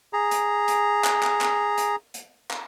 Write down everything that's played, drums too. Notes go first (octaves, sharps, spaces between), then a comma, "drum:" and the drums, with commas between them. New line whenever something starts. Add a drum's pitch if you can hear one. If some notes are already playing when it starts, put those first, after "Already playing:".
G#4 A#5
drum: hi-hat
drum: hi-hat
drum: clap
drum: clap
drum: clap
drum: hi-hat
drum: hi-hat
drum: clap